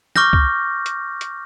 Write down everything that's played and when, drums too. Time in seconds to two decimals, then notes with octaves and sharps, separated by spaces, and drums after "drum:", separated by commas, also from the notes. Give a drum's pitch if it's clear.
0.16 C#6 D6 F6 G6 A#6, drum: snare
0.33 drum: kick C2
0.86 drum: hi-hat
1.21 drum: hi-hat